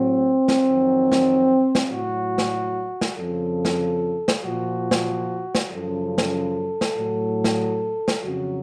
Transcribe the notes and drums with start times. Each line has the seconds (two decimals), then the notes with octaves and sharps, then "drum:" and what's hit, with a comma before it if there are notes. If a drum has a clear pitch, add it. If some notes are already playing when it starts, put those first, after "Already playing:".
Already playing: A2 F#3 C4
0.48 drum: snare
0.64 F2 D#3 F#3
1.12 drum: snare
1.75 drum: snare
1.91 A2 F#3 F#4
2.38 drum: snare
3.01 drum: snare
3.17 F2 C#3 F3 A4
3.65 drum: snare
4.28 drum: snare
4.44 A#2 F3 F#4
4.91 drum: snare
5.55 drum: snare
5.71 F#2 C#3 F3 A4
6.18 drum: snare
6.81 drum: snare
6.97 A2 F#3
7.44 drum: snare
8.08 drum: snare
8.23 F2 C#3 F#3 F#4